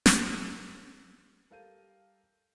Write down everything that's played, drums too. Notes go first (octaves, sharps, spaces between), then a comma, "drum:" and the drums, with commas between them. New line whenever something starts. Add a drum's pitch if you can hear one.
drum: snare
G3 A4 A#4 F5 G6 D#7